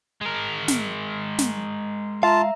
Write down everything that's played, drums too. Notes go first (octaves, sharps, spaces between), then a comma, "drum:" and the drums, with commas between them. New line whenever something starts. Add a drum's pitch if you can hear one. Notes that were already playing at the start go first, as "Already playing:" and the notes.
G#3 A#4
drum: snare
drum: snare
F4 E5 F5 A5 A#5